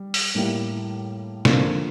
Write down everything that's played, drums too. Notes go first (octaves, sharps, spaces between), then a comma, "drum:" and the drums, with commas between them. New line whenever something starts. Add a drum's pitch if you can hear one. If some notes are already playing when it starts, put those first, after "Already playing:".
Already playing: G3
drum: open hi-hat
A2 G3 A#3 E4 G4
D3 F3 A#3, drum: snare